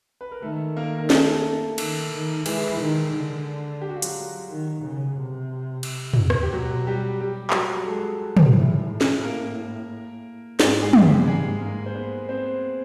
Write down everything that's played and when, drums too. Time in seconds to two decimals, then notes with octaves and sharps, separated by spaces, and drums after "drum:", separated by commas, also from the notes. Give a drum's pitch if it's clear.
0.21 B4
0.31 A#4
0.42 D#3 A3 A4
0.77 A#3 A#4
0.99 A#4
1.10 A3 A4, drum: snare
1.78 D#3, drum: cymbal
2.12 D#3
2.46 E3 G#3 G#4, drum: cymbal
2.80 D#3
3.14 D3
3.81 G4
3.89 F#4
3.96 F4
4.02 F#3 F#4, drum: hi-hat
4.50 D#3
4.83 C#3
5.17 C3
5.83 drum: cymbal
6.14 drum: tom
6.30 drum: rim click
6.43 G4
6.52 B2 F#3 F#4
6.87 G3 G4
7.20 G3 G4
7.50 G4, drum: clap
7.54 F#3 F#4
7.83 A4
7.88 G#3 G#4
8.37 drum: tom
8.56 A2
8.90 A2
9.01 drum: snare
9.23 A#3 A#4
10.60 G#2, drum: snare
10.82 G#3 G#4
10.93 G2, drum: tom
11.05 G3 G4
11.27 G#2 G#3 G#4
11.61 A#3 A#4
11.86 C5
11.95 B3 B4
12.29 C4 C5